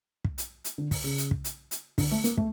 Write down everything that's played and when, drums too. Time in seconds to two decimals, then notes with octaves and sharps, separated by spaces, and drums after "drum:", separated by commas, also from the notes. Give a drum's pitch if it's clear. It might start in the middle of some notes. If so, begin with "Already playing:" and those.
0.25 drum: kick
0.38 drum: hi-hat
0.64 drum: hi-hat
0.78 D3
0.91 drum: kick, open hi-hat
1.04 C#3
1.18 drum: hi-hat
1.31 drum: kick
1.44 drum: hi-hat
1.71 drum: hi-hat
1.98 D3, drum: kick, open hi-hat
2.11 A3
2.24 A#3, drum: hi-hat
2.37 A3, drum: kick